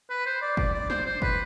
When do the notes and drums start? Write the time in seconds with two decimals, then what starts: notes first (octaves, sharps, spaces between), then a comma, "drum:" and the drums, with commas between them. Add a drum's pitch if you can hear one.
0.10 B4
0.26 C5
0.42 D5
0.57 D5, drum: kick
0.74 D5
0.90 C5, drum: snare
1.06 C5
1.22 B4, drum: kick